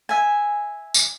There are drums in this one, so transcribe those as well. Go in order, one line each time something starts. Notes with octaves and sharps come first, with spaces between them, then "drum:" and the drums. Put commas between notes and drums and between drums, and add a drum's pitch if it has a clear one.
E5 G#5
drum: tambourine